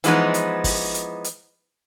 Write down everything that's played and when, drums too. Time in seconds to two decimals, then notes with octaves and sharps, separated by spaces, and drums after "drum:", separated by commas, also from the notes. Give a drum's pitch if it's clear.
0.04 E3 F3 G#3 B3 D#4, drum: hi-hat
0.34 drum: hi-hat
0.64 drum: kick, open hi-hat
0.94 drum: hi-hat
1.24 drum: hi-hat